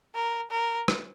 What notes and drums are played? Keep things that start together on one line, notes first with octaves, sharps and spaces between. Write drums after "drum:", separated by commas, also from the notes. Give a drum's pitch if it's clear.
A#4
A#4
drum: rim click